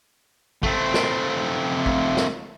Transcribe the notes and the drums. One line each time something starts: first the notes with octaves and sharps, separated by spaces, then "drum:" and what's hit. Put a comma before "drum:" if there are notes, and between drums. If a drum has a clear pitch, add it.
A3 C4, drum: kick
drum: snare
drum: kick
drum: snare